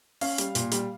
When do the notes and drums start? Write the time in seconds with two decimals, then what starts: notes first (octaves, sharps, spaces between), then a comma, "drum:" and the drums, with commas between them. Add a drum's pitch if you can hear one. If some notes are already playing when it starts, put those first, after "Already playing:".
0.21 C#4 F5, drum: open hi-hat
0.38 G3, drum: hi-hat
0.55 A#2, drum: hi-hat
0.72 G3, drum: hi-hat